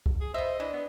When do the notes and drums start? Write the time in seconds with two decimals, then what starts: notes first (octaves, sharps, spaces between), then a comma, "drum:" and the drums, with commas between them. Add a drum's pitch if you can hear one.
0.06 drum: kick
0.21 G#4
0.34 B3 C5 D#5 E5
0.60 E3 D4
0.73 B3